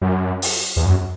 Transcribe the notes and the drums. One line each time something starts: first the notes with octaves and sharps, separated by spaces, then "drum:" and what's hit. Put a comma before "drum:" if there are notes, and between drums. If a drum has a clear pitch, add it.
F#2
drum: open hi-hat
E2
F#2